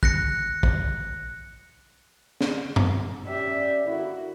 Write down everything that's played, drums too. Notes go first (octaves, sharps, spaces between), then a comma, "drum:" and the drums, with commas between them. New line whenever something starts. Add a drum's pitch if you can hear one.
F#6 A#6 C#7, drum: kick
drum: kick
drum: snare
drum: tom F#2
C#4 G4 D5 E5
D3 A#3 E4 F#4